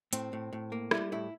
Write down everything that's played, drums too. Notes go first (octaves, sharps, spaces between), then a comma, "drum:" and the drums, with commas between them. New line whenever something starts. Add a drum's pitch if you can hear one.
A2 C4, drum: hi-hat
A2
A2
A#3
G3 E4, drum: rim click
A2 E4